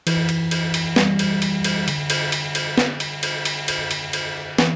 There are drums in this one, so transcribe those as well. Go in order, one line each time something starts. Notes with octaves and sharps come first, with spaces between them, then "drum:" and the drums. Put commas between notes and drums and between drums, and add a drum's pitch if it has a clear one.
E3, drum: cymbal
drum: cymbal
drum: cymbal
drum: cymbal
G3, drum: snare
drum: cymbal
drum: cymbal
drum: cymbal
D3, drum: cymbal
drum: cymbal
drum: cymbal
drum: cymbal
drum: snare
drum: cymbal
drum: cymbal
drum: cymbal
drum: cymbal
drum: cymbal
drum: cymbal
E3, drum: snare